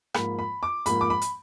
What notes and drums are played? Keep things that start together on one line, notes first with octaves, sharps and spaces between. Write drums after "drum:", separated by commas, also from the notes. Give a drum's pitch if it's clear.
G#2 F3 A#3 B5, drum: rim click
B5
D6
G#2 F3 A#3 B5, drum: hi-hat
D6
B5
drum: hi-hat